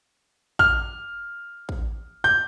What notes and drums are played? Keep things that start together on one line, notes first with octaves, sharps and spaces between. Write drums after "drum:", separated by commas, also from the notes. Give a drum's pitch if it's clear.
F6, drum: kick
drum: kick
G6